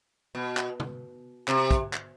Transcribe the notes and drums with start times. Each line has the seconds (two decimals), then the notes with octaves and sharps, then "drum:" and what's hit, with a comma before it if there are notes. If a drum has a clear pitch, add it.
0.35 B2
0.57 drum: clap
0.80 drum: tom
1.48 C3, drum: clap
1.71 drum: kick, hi-hat
1.93 drum: clap